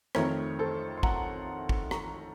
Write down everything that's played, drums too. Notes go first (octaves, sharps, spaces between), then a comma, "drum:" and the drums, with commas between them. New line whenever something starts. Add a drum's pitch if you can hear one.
F2 D#3 A3 C4 A#4 C#5, drum: rim click
A4 C5
C6
F#5 A#5, drum: kick
drum: kick
A#5 C#6, drum: rim click